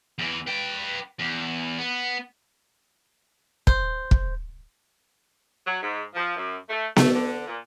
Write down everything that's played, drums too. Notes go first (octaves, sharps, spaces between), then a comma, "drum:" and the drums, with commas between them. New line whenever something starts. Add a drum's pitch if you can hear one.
E2 E3
B4 G5
E2
B3
C5, drum: kick
drum: kick
F#3
G#2
F3
F#2
A3
A3, drum: snare B3
D3
A#2